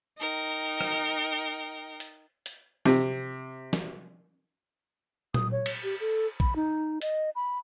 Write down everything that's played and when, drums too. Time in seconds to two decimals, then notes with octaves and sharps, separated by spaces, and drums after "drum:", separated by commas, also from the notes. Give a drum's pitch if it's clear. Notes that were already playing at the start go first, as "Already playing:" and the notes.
0.18 D#4 A#4 G5
0.81 drum: rim click
2.00 drum: hi-hat
2.46 drum: hi-hat
2.86 C3, drum: snare
3.73 drum: snare
5.34 D#6, drum: tom A#2
5.52 C#5
5.66 drum: cymbal
5.83 G4
6.00 A4
6.40 B5, drum: kick A#1
6.56 D#4
7.02 D#5, drum: hi-hat
7.35 B5